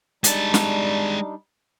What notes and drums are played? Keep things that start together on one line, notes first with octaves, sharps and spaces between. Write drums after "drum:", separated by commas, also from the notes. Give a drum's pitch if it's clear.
G3 G#3 D4 D#4 A5, drum: hi-hat
drum: snare